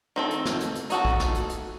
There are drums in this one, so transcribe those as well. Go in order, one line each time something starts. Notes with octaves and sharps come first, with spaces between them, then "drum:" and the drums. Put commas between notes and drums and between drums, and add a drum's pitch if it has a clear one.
D#3 C4 A4
drum: hi-hat
drum: snare
drum: hi-hat
drum: hi-hat
D#4 F#4 A4, drum: hi-hat
drum: kick
drum: snare
drum: hi-hat
drum: hi-hat